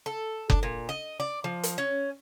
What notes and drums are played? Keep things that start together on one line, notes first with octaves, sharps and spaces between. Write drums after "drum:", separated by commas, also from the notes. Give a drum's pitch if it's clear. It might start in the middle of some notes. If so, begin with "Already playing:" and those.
A4
D4, drum: kick F#1
A#2
D#5
D5
F3
drum: hi-hat
C#4